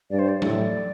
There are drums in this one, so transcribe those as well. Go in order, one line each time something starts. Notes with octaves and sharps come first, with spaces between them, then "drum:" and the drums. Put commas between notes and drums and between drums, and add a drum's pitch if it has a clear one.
G2 D5
C5
D5
A2, drum: tom F#3